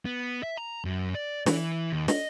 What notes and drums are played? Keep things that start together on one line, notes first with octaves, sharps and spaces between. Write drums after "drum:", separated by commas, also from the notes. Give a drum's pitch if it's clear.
B3
E5
A#5
F#2
D5
E3, drum: snare
D#2
D#5, drum: snare